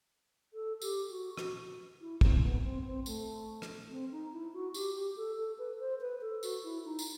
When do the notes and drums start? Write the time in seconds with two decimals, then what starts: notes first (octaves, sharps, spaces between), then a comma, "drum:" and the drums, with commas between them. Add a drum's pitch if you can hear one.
0.53 A4
0.82 G4, drum: tambourine
1.10 F#4
1.38 F#4, drum: rim click
2.01 E4
2.21 C4, drum: kick
2.43 B3
2.64 C4
2.85 C4
3.06 A3, drum: tambourine
3.62 drum: rim click
3.90 C4
4.11 D#4
4.32 E4
4.53 F#4
4.74 G4, drum: tambourine
4.95 G4
5.16 A4
5.37 A4
5.58 B4
5.80 C5
6.01 B4
6.21 A4
6.43 F#4, drum: tambourine
6.64 E4
6.85 D#4
6.99 drum: tambourine